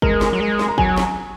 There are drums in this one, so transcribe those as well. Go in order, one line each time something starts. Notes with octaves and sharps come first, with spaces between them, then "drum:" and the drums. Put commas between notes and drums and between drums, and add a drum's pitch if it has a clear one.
G#3 A#4, drum: kick
drum: snare
F#3
G#3
drum: snare
A#5
F#3 G#5, drum: kick
drum: snare